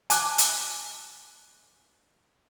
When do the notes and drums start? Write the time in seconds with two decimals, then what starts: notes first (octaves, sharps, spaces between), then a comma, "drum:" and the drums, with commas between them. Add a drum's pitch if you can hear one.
0.10 G#5 A5 D6 F#6, drum: hi-hat
0.38 drum: hi-hat